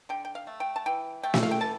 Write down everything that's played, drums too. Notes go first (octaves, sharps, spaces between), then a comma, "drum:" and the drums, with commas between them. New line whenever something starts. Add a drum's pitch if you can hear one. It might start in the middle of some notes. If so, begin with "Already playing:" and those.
D3 G5
G5
F5
A3
G5
A5
E3 G5
A3 G5
E5, drum: snare
F5
G5
E3 A5